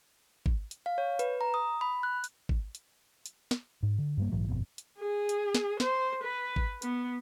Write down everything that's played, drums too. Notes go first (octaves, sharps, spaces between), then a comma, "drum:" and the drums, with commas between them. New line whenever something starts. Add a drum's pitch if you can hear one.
drum: kick G#1
drum: hi-hat
F5
C#5
B4, drum: hi-hat
A#5
D#6
B5
F#6
drum: hi-hat
drum: kick G#1
drum: hi-hat
drum: hi-hat
drum: snare
G#2
D3
G2 G3 A#3
A#1 G#2 E3 F#3
G1 F2 B2
drum: hi-hat
G#4
drum: hi-hat
drum: snare
C5, drum: snare
B4
drum: kick G#1
B3, drum: hi-hat